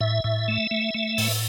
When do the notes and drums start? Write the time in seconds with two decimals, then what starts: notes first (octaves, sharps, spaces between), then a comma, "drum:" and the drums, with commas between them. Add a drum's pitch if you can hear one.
0.01 A2 E5
0.24 A2
0.48 A3
0.71 A3
0.94 A3
1.18 A2, drum: open hi-hat